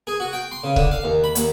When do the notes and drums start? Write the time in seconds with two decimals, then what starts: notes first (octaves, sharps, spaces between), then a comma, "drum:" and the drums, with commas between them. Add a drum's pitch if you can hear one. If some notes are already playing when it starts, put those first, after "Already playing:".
0.07 G#4
0.20 F#4
0.33 G5
0.52 C6
0.64 C#3
0.76 D3, drum: kick C#1
0.91 F5
1.04 D#2
1.24 B5
1.35 D#2, drum: hi-hat